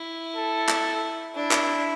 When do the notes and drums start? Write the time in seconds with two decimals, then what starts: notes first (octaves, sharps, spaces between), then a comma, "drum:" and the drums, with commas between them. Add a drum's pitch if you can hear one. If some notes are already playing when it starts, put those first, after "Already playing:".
Already playing: E4
0.36 A4
0.69 drum: clap
1.35 D4 E4
1.51 drum: clap